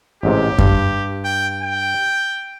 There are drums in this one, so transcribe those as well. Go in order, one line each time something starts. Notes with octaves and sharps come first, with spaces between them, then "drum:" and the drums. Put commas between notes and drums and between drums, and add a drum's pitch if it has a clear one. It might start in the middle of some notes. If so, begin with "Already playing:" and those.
A1 G#2 C3 G4
G2, drum: kick F#2
G5
G5